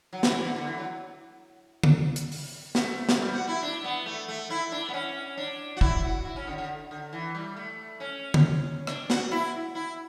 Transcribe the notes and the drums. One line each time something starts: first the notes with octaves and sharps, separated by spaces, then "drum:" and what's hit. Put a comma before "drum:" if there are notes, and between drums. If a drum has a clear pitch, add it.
F#3
E3, drum: snare
E3
D3
D3
E3
F#3
drum: tom
drum: hi-hat
drum: open hi-hat
A3, drum: snare
drum: snare
G3
F#4
E4
D4
B3
A3
A3
E4
D4
B3
C#4
D4
F#4
E4, drum: kick
F#4
E4
C#4
D3
D3
D3
E3
G3
A3
C#4
drum: tom
D4, drum: rim click
F#4, drum: snare
E4
E4